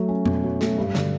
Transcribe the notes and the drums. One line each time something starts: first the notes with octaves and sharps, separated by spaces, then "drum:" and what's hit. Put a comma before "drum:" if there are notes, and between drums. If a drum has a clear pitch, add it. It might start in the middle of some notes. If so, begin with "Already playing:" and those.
Already playing: F#3 A3
C#4
B2, drum: tom F2
F#3
A3, drum: snare
G2
D3, drum: snare